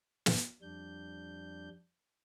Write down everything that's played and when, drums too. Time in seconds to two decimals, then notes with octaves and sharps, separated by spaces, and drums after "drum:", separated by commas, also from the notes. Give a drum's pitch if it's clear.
0.26 drum: snare
0.62 F2 G3 D4 G6